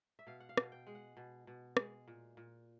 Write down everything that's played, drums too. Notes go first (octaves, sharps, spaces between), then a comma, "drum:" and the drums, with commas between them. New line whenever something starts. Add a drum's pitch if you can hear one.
E5
B2 F5
F#5
F5
B2, drum: rim click
G5
G#3
F#5
B2
B2
G#3, drum: rim click
A#2
A#2